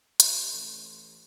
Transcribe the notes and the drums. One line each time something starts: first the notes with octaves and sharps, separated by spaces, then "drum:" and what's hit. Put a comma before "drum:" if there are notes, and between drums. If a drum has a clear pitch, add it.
C3, drum: hi-hat
A1